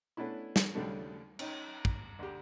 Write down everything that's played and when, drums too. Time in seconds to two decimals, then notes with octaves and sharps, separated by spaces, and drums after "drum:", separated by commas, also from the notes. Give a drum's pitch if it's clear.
0.17 A3 B3 C#4 D4 E4
0.56 drum: snare
0.75 D#2 C#3 F#3 G3 A3 D4
1.39 C#4 D#4, drum: cymbal
1.85 drum: kick
2.19 D2 G4